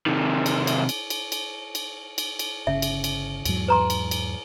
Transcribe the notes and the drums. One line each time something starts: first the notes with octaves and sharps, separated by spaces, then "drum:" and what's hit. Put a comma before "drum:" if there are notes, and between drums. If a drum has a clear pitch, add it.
C3 D#3
drum: cymbal
drum: cymbal
drum: cymbal
drum: cymbal
drum: cymbal
drum: cymbal
drum: cymbal
drum: cymbal
G1 C#3 E5
drum: cymbal
drum: cymbal
E2 G#2 F#3, drum: cymbal
B4 A#5 C6
drum: cymbal
drum: cymbal